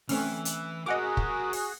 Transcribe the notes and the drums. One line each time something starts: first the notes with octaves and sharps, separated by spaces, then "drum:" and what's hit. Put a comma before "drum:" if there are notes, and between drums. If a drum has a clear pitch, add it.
E3 A3 C4 C#4 F6, drum: open hi-hat
drum: hi-hat
F#4 G#4 A#4 C#5 D#5 F#5 D6
drum: kick
drum: open hi-hat